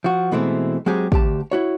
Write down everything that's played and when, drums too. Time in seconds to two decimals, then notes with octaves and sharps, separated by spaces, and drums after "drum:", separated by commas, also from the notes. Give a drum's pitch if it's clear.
0.04 F3 F#4
0.32 B2 E3 G#3 A3 C4
0.86 F#3 G#3 C4 G4 G#4
1.12 D2 G4 A5, drum: kick
1.51 E4 F#4 C#5